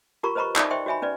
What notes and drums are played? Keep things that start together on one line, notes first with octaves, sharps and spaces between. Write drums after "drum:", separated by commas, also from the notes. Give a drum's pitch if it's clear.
F4 G4 A#4 A#5 C#6
B4 C5 D#5 A#5 B5 C#6
D#4 D5 E5, drum: clap
C5 D#5 E5 G5 C6 C#6
F#4 C#5 E5 G#5 B5
C#4 B4 D5